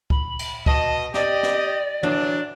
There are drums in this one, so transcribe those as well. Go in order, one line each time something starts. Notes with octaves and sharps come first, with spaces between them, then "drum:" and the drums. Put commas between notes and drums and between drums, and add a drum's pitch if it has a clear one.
B5, drum: kick C#2
drum: cymbal
B2 D#5 A5, drum: kick C#2
G4 D5 D#5, drum: snare
drum: snare
E3 F#3 D4, drum: tom